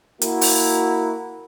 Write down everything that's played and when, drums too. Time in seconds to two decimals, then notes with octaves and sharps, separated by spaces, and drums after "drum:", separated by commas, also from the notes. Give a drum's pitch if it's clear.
0.22 A#3 E4 F#4, drum: hi-hat
0.41 drum: open hi-hat